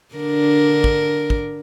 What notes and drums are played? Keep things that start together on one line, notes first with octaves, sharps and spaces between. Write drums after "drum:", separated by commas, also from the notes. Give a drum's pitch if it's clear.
D3 D4 A#4
drum: kick
drum: kick